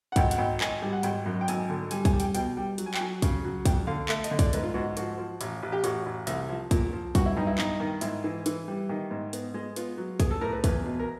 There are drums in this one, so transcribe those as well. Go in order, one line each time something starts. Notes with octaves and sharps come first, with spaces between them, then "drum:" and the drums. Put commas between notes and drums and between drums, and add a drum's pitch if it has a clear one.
F#5
G#1 G5, drum: kick, hi-hat
F#5, drum: hi-hat
G#1 G5
G#1 G#5, drum: clap
G3
F#5
G#1 G5, drum: hi-hat
F#2
G5
G#1 G#5, drum: hi-hat
D3
G3 G#5, drum: hi-hat
G#5, drum: kick, hi-hat
G3
G5, drum: hi-hat
B2 G5, drum: hi-hat
G3 G5
F#3, drum: hi-hat
G#5
G5, drum: clap
F#3 G#5
C#3, drum: kick, hi-hat
F#3
F2 G5, drum: kick, hi-hat
D3 F5
A3 E5, drum: clap
D#5, drum: hi-hat
D3
D5, drum: kick, hi-hat
G#2 B4, drum: hi-hat
F4
G#2 F#4
F3 F#4, drum: hi-hat
F3
A1, drum: hi-hat
A1
G4
A1 F#4, drum: hi-hat
A1
C2, drum: hi-hat
F3
A#2, drum: kick, hi-hat
F3
G2 F#4, drum: kick, hi-hat
E4
G2 D#4
E4
G2 D#4, drum: clap
D#3
G#2 E4, drum: hi-hat
E3
E3, drum: hi-hat
G3
D#3
G#2
B3, drum: hi-hat
G#3
B3 F4, drum: hi-hat
F#3
B3 G#4, drum: kick, hi-hat
A4
A2 A#4
B4
E2 B4, drum: kick, hi-hat
B2
A#4